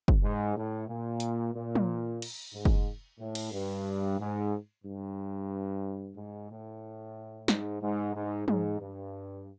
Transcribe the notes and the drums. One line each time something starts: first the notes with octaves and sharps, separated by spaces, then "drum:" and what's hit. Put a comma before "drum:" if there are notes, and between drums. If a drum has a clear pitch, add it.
drum: kick
G#2
A2
A#2
drum: hi-hat
A#2
drum: tom
drum: cymbal
G#2
drum: kick
A2
drum: cymbal
G2
G#2
G2
G#2
A2
G#2, drum: snare
G#2
G#2
G#2, drum: tom
G2